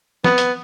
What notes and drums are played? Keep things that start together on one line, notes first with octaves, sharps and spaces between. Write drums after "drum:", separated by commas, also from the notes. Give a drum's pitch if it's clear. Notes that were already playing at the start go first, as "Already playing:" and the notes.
B3, drum: snare
drum: hi-hat